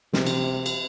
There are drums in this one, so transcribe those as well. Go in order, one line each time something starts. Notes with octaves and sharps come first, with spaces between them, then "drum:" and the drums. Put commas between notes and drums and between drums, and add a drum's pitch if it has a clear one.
C3, drum: snare
drum: cymbal
drum: cymbal